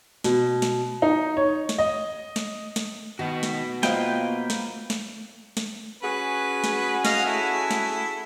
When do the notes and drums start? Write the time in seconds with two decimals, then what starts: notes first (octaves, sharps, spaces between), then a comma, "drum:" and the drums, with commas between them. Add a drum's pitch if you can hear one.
0.24 B2, drum: snare
0.62 drum: snare
1.02 D#4
1.37 C#5
1.69 drum: snare
1.78 D#5
2.36 drum: snare
2.76 drum: snare
3.19 D#3 B3 F#4
3.43 drum: snare
3.83 A#3 F4 B4 C5 D#5 G5, drum: snare
4.50 drum: snare
4.90 drum: snare
5.57 drum: snare
6.03 C#4 F#4 G#4 B4
6.64 drum: snare
7.05 D#5 F5 F6, drum: snare
7.25 E4 A4
7.71 drum: snare